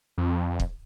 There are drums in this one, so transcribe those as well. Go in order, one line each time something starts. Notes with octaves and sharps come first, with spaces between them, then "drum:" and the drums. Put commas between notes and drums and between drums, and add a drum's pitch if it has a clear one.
F2
drum: kick